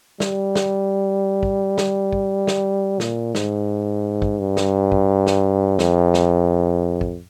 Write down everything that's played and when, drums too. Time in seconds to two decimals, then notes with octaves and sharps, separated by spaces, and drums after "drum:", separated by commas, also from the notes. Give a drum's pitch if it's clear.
0.20 G3, drum: snare
0.55 drum: snare
1.43 drum: kick
1.78 drum: snare
2.13 drum: kick
2.47 drum: snare
3.00 A#2, drum: snare
3.35 G#2, drum: snare
4.22 drum: kick
4.39 G2
4.57 drum: snare
4.92 drum: kick
5.27 drum: snare
5.79 F2, drum: snare
6.14 drum: snare
7.01 drum: kick